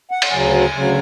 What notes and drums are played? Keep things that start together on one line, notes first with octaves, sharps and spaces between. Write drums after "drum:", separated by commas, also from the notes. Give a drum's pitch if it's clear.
F#5
drum: cymbal
D2 C#3 F#3 G#5
D2 C#3 F#3